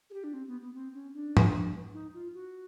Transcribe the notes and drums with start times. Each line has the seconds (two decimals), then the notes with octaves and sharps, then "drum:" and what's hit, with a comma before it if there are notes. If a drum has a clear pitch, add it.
0.10 G#4
0.13 G4
0.24 D4
0.33 C4
0.47 B3
0.61 B3
0.74 C4
0.94 C#4
1.14 D4
1.37 drum: tom G#2
1.94 D#4
2.14 F4
2.34 F#4